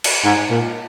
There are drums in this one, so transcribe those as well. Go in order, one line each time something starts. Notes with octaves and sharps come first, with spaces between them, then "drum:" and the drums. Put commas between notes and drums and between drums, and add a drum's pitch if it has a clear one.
drum: cymbal
G#2
A#2